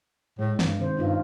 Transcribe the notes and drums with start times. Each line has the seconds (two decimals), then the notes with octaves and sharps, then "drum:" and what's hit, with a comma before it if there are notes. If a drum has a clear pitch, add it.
0.39 A2 G#3
0.59 G2, drum: snare
0.79 C3 D#3 C5
0.97 G2 C#4 D#4 F4